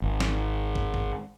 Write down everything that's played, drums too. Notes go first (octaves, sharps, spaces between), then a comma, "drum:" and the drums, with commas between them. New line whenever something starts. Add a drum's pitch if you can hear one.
G#1
drum: snare
drum: kick
drum: kick